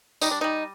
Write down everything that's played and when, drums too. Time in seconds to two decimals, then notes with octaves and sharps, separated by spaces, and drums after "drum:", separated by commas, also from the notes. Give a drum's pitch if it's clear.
0.21 G3 D#4, drum: tambourine
0.31 D4
0.41 G3 D#4